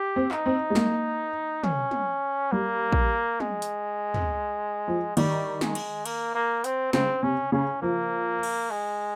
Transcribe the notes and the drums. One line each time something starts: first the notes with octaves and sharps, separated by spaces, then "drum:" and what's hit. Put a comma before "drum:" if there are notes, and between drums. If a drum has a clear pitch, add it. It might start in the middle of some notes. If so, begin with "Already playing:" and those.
Already playing: G4
C4
D#4, drum: clap
C4
G#3
A#3, drum: snare
C#4, drum: tom
drum: tom
G3 A#3
drum: kick
G#3, drum: tom
drum: hi-hat
drum: tom
F3
D#3 G3, drum: cymbal
G#3, drum: snare
drum: cymbal
A#3, drum: cymbal
A#3
C4, drum: hi-hat
C#3 C4, drum: snare
C3 C#4
C#3 C#4
F3 A#3
drum: cymbal
G#3